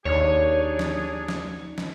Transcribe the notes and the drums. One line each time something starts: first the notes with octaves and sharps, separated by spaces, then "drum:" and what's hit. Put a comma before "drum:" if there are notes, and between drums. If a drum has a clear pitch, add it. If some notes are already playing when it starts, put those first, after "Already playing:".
D#2 D4 D#4 G#4 C#5
drum: snare
drum: snare
drum: snare